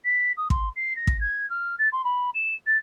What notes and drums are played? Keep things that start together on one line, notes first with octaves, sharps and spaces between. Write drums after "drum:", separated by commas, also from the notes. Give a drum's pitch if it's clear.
B6
D#6
C6, drum: kick
C7
A#6
drum: kick
G#6
F6
A6
C6
B5
E7
A6